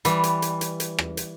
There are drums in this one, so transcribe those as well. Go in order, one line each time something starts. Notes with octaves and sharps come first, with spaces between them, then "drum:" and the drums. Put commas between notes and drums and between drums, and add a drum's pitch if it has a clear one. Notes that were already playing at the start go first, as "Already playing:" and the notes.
E3 G3, drum: hi-hat
drum: hi-hat
drum: hi-hat
drum: hi-hat
drum: hi-hat
drum: rim click
drum: hi-hat